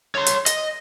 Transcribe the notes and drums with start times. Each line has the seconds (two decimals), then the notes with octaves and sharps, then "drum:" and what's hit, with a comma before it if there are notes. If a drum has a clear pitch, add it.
0.15 C#5 C6
0.26 drum: hi-hat
0.46 D#5, drum: hi-hat